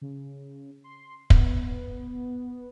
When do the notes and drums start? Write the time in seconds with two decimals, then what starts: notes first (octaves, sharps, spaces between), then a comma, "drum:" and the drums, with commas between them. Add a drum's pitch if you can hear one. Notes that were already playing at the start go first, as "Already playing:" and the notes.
0.02 C#3
0.84 C6
1.30 B3, drum: kick